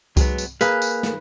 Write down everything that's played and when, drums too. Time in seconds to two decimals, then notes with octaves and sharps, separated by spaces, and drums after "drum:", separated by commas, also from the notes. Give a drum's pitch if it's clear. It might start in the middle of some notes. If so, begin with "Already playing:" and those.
0.17 F#3 G#3 B3, drum: kick C2, tambourine
0.38 drum: tambourine
0.61 A#3 G#4 B4, drum: tambourine
0.82 drum: tambourine
1.03 drum: snare